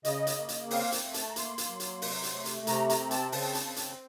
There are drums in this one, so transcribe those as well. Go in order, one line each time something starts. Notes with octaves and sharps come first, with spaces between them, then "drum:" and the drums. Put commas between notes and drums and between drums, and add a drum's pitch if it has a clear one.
C#3 D#5, drum: hi-hat
drum: hi-hat
A#3
drum: hi-hat
C4 F5, drum: open hi-hat
drum: hi-hat
A3
A5, drum: hi-hat
A#5
A#3 C6, drum: hi-hat
drum: hi-hat
F#3
drum: hi-hat
C3, drum: open hi-hat
drum: hi-hat
A3
drum: hi-hat
C3 A#5, drum: hi-hat
A#5, drum: hi-hat
C4
A5, drum: hi-hat
C#3 A5, drum: open hi-hat
drum: hi-hat
C4
drum: hi-hat